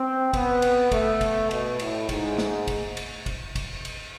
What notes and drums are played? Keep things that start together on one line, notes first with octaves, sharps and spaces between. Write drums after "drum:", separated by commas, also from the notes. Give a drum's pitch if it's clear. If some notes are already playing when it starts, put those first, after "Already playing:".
Already playing: C4
B3, drum: kick, cymbal
drum: cymbal
A3, drum: kick, cymbal
drum: kick, cymbal
B2, drum: cymbal
A2, drum: cymbal
G#2, drum: kick, cymbal
drum: snare
drum: kick, cymbal
drum: cymbal
drum: kick, cymbal
drum: kick, cymbal
drum: cymbal